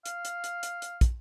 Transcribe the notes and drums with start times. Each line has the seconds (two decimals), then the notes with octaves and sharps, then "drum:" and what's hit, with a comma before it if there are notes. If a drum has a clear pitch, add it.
0.06 F5, drum: hi-hat
0.25 drum: hi-hat
0.44 drum: hi-hat
0.63 drum: hi-hat
0.82 drum: hi-hat
1.01 drum: kick, hi-hat